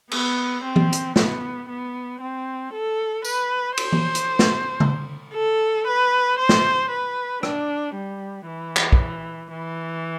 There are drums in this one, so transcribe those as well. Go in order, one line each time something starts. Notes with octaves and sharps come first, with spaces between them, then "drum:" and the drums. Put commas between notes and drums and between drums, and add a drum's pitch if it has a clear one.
B3, drum: cymbal
C4
drum: tom E3
drum: hi-hat
B3, drum: snare
B3
C4
A4
B4, drum: tambourine
C5, drum: cymbal
drum: tom E3
drum: hi-hat
drum: snare
drum: tom C#3
A4
B4
C5
drum: snare
B4
D4, drum: rim click
G3
E3
drum: clap
drum: kick
E3